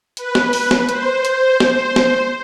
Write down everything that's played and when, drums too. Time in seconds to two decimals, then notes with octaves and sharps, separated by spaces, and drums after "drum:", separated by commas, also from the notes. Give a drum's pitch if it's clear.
0.17 B4, drum: hi-hat
0.35 drum: snare
0.53 drum: open hi-hat
0.71 drum: snare
0.89 C5, drum: hi-hat
1.25 drum: hi-hat
1.60 drum: snare
1.96 drum: snare